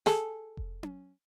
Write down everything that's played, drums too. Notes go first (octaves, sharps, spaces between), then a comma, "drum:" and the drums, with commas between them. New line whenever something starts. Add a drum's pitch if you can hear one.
G#4 A4, drum: snare
drum: kick F1
drum: tom C#4